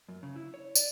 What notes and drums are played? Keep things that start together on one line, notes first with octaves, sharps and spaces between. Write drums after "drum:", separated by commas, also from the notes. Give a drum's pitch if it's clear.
F#2
C#3
E4
C#5
D5, drum: tambourine